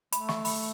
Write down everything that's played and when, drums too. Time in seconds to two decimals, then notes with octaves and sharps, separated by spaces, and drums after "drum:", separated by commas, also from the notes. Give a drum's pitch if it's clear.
0.12 A3 B5, drum: hi-hat
0.29 C#6, drum: snare
0.45 B5, drum: open hi-hat